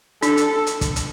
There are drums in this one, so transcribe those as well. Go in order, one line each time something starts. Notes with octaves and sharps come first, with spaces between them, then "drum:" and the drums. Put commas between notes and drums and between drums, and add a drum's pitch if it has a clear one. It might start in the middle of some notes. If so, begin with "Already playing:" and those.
D4 A4, drum: hi-hat
drum: hi-hat
drum: hi-hat
drum: kick, hi-hat
drum: hi-hat